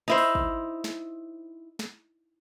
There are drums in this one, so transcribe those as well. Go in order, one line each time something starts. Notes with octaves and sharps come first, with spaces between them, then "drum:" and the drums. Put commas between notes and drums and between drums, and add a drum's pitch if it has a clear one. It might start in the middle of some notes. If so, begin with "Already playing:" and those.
D#4 E4 C5
drum: open hi-hat
drum: kick
drum: snare
drum: snare